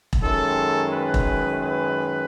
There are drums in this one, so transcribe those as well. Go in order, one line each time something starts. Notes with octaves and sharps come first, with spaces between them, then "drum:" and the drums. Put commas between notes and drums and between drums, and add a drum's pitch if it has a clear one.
drum: kick E1
F#2 D#3 G#3 A4
B4
drum: kick E1
B4